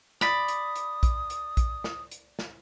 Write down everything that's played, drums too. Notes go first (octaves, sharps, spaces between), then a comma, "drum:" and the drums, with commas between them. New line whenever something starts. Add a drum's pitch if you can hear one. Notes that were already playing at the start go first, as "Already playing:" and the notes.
D5 B5 D#6, drum: snare
drum: hi-hat
drum: hi-hat
drum: kick A#1, hi-hat
drum: hi-hat
drum: kick A#1, hi-hat
drum: snare
drum: hi-hat
drum: snare